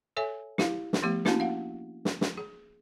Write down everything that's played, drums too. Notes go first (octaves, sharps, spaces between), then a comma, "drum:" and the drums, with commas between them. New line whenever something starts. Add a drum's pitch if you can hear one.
A4 C#5 E5 G#5
E4 G4 F5, drum: snare
drum: snare
F3 A3 B3 G4
A#3 C#4 D4 E4 F#4, drum: snare
F5 F#5
drum: snare
drum: snare
G#4